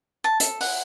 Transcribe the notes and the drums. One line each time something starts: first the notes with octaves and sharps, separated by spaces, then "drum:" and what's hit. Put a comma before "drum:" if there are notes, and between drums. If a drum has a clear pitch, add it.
A5
A4, drum: hi-hat
F#5, drum: open hi-hat